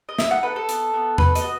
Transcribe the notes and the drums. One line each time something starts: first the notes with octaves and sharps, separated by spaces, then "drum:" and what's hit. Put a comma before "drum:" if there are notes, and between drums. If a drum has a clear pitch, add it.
D#5
D#4 E5, drum: snare
F#5
A4 B4
A4
B3, drum: hi-hat
B3
A4 B4, drum: tom E2
D#5, drum: hi-hat
F#4